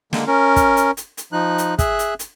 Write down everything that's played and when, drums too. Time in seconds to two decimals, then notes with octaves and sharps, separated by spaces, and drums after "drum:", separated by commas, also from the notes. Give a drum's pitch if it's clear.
0.13 D3 G#3 A#3, drum: snare
0.27 C#4 A#4
0.56 drum: kick, hi-hat
0.77 drum: hi-hat
0.97 drum: hi-hat
1.17 drum: hi-hat
1.33 F3 D#4 F#6
1.58 drum: hi-hat
1.79 G#4 E5 F#6, drum: kick, hi-hat
1.99 drum: hi-hat
2.19 drum: hi-hat